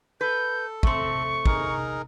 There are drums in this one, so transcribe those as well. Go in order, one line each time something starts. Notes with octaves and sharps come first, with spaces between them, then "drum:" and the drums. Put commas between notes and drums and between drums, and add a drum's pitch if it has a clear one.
A4 B4 G6
A3 C4 C#6, drum: kick
D#4 G#4 A#4, drum: kick